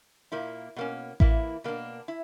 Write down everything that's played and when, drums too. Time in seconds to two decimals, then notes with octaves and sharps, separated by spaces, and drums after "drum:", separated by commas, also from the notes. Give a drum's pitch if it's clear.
0.32 A#2 A#3 E4
0.76 B2 A#3 C#4
1.20 E3 A#3 E4, drum: kick A1
1.64 B2 A#3 D4
2.08 E4